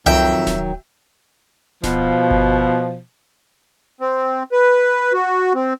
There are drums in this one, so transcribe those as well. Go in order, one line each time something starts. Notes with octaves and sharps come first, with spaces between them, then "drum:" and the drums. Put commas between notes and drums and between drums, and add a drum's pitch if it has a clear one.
F2 D#3 F#3 E5 G5, drum: tom C2
drum: snare D1
B2 F3, drum: snare D1
drum: kick G1
C4
B4
F#4
C4